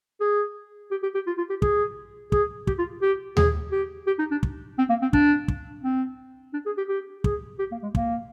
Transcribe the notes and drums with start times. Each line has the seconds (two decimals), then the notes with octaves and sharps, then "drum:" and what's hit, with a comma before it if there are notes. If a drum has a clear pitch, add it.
0.21 G#4
0.91 G4
1.03 G4
1.15 G4
1.27 F4
1.38 F4
1.50 G4
1.62 G#4, drum: kick
2.32 G#4, drum: kick
2.67 G4, drum: kick
2.78 F4
3.02 G4
3.37 G#4, drum: tom D#2
3.72 G4
4.07 G4
4.19 D#4
4.31 D4
4.43 drum: kick
4.78 C4
4.89 A#3
5.02 C4
5.13 D4, drum: kick
5.48 drum: kick
5.83 C4
6.53 D4
6.66 G#4
6.78 G4
6.88 G4
7.24 G#4, drum: kick
7.59 G4
7.72 A#3
7.83 G#3
7.95 A#3, drum: kick